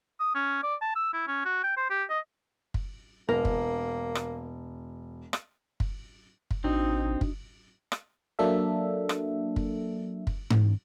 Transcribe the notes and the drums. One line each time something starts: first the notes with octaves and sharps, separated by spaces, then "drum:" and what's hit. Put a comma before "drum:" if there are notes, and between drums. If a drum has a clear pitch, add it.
D#6
C#4
D5
A5
E6
E4
C#4
F#4
G5
C5
G4
D#5
drum: kick
E1 A#3 A#4
drum: kick
drum: rim click
drum: rim click
drum: kick
drum: kick
A1 C4 D4 D#4 F#4
drum: kick
drum: rim click
F#3 A#3 D4 A4 E5
drum: rim click
drum: kick
drum: kick
drum: tom G#2